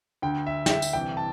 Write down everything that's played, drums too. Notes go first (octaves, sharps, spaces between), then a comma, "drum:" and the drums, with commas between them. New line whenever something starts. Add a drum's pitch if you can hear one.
D2 D3 G5
E5
G5, drum: snare
E5
drum: tambourine
C2 C3 E3 G5
A5